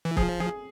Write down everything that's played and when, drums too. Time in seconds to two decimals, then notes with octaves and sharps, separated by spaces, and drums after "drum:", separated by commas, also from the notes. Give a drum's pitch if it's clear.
0.05 E3
0.17 F3 G#4, drum: kick C#1
0.40 G#4